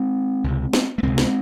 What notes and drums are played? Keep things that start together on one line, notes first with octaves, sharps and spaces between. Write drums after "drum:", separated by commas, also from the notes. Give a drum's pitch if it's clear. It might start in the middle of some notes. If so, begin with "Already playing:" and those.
Already playing: G#3 C4
C#2 C3
drum: snare
A3
C#2 C3 G#3 C4
drum: snare